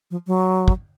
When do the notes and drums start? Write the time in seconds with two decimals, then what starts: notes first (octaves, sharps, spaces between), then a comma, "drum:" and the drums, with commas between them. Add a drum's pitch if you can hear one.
0.11 F3
0.27 F#3
0.68 drum: kick